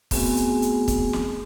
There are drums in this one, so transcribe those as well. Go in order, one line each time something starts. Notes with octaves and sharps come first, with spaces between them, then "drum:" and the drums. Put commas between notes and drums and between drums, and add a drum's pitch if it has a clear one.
A3 B3 C4 F#4 G#4 G#5, drum: kick, open hi-hat
drum: hi-hat
drum: hi-hat
drum: kick, hi-hat
drum: snare